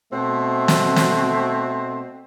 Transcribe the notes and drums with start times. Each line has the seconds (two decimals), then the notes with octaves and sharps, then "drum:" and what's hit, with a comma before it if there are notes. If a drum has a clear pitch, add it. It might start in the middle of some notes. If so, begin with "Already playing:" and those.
0.12 B2 A3 C4
0.68 drum: snare
0.96 drum: snare